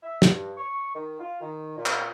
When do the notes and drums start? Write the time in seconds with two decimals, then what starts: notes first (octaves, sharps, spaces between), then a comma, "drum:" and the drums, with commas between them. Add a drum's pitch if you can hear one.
0.03 E5
0.22 G2, drum: snare
0.57 C#6
0.95 D#3
1.19 F4
1.41 D#3
1.76 A#2
1.86 drum: clap